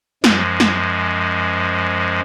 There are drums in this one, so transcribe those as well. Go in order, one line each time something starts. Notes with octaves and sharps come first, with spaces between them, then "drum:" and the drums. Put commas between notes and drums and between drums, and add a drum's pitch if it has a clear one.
F#2 F3 G#3, drum: snare
drum: snare